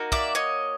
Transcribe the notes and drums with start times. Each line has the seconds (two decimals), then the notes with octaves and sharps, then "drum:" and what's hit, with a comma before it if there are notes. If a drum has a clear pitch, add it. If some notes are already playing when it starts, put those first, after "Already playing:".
Already playing: A#3 D#4 F#4
0.12 D5 E5, drum: kick
0.35 C#5 D#5